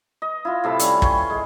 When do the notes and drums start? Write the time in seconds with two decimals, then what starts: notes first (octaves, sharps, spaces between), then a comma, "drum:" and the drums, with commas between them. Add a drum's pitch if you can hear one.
0.22 D#5
0.45 E4 F4
0.64 A2 C3 A5 B5
0.79 G3 C#4, drum: hi-hat
1.02 C#5 G#5 C6 C#6, drum: kick
1.30 G#3